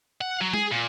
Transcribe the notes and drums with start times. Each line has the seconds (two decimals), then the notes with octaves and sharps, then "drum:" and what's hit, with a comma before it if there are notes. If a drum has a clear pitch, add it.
0.21 F#5
0.41 F#3
0.54 G#4, drum: tom G#3
0.72 A#2